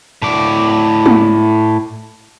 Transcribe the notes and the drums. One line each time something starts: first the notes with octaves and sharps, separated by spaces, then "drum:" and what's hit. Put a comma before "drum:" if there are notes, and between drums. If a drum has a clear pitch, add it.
A2 D5
drum: tom